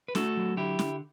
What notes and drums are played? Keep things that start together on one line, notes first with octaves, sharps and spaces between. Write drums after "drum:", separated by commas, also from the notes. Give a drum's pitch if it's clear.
B4
A3 F#4 A4, drum: snare
F#3
D3 E4 G4
D3, drum: snare